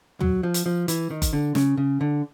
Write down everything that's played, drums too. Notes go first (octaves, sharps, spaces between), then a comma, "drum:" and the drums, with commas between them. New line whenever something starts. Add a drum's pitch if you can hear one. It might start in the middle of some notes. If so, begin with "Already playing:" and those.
F#3, drum: tom
F3
drum: hi-hat
F3
E3, drum: hi-hat
D#3
drum: kick F#1, hi-hat
D3
C#3, drum: snare
C#3
D3